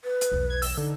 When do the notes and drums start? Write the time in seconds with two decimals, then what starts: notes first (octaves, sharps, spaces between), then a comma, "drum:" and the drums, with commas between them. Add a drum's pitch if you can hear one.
0.04 B4
0.21 drum: hi-hat
0.32 B1 E2
0.50 G#6
0.62 E6, drum: open hi-hat
0.77 D3 D#4